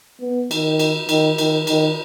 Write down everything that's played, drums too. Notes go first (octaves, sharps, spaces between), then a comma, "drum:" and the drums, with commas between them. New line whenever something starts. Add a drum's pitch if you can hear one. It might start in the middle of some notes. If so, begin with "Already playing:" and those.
B3
D#3, drum: cymbal
drum: cymbal
D#3, drum: cymbal
D#3, drum: cymbal
D#3, drum: cymbal